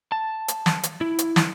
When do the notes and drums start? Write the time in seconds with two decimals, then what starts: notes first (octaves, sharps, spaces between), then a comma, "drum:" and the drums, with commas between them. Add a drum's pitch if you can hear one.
0.12 A5
0.48 drum: hi-hat
0.66 drum: snare
0.83 drum: hi-hat
1.01 E4
1.19 drum: hi-hat
1.36 drum: snare